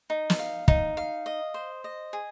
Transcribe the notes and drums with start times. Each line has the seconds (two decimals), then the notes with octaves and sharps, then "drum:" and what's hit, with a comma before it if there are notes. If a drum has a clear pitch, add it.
0.10 D#4
0.30 drum: snare
0.39 F5
0.68 D#4, drum: kick
0.97 F5
1.26 D#5
1.54 C5
1.84 D#5
2.13 G#4